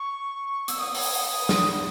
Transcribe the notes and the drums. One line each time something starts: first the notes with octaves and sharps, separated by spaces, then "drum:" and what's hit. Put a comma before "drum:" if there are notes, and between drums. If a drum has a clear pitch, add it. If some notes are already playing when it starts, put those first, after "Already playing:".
Already playing: C#6
E6, drum: hi-hat
D#6
drum: open hi-hat
drum: snare